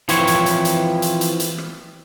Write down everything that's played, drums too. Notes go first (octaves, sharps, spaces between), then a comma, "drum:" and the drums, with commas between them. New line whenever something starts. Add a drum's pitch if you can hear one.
E3 F3 C4 E4 C#5, drum: hi-hat
drum: hi-hat
drum: hi-hat
drum: hi-hat
drum: hi-hat
drum: hi-hat
drum: hi-hat
drum: rim click